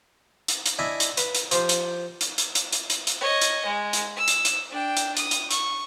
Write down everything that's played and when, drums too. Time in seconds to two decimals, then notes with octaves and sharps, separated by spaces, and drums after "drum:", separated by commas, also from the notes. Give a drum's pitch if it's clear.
0.48 drum: hi-hat
0.66 drum: hi-hat
0.79 D4 E4 D#5 E5 G#5
1.00 drum: hi-hat
1.17 B4, drum: hi-hat
1.35 drum: hi-hat
1.51 F3 G4 C5, drum: hi-hat
1.69 drum: hi-hat
2.21 drum: hi-hat
2.38 drum: hi-hat
2.55 drum: hi-hat
2.73 drum: hi-hat
2.90 drum: hi-hat
3.07 drum: hi-hat
3.21 C#5 D#5
3.41 drum: hi-hat
3.66 G#3
3.93 drum: hi-hat
4.17 E6
4.28 drum: hi-hat
4.45 drum: hi-hat
4.71 D4 G5
4.97 drum: hi-hat
5.17 D#6, drum: hi-hat
5.31 drum: hi-hat
5.51 C#6, drum: hi-hat